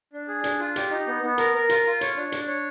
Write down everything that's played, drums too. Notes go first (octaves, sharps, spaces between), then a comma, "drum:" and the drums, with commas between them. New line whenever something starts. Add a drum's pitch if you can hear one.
D4
G#4
D4, drum: hi-hat
F4
G4, drum: hi-hat
D#4
B3
B3
A#4, drum: hi-hat
A#4
F4, drum: hi-hat
F4
C#5, drum: hi-hat
D4
D4, drum: hi-hat
C#5